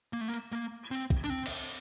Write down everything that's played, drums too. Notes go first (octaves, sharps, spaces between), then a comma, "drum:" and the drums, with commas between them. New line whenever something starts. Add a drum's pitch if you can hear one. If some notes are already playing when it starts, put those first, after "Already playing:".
A#3
A3
A#3
A#3
C4
drum: kick
D4
C4
drum: cymbal